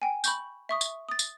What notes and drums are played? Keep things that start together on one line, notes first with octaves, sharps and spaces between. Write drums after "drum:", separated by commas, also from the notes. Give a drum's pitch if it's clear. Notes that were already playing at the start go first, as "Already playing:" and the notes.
G5 G#5
B5 C#6 G6, drum: tambourine
E5 C#6 D#6
drum: tambourine
D#6 A6
drum: tambourine